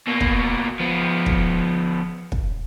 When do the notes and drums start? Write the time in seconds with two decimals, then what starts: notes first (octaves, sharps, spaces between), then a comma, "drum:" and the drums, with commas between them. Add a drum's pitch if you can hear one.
0.07 B2 A#3
0.20 drum: kick
0.80 F3 B3
1.26 drum: kick
2.32 drum: kick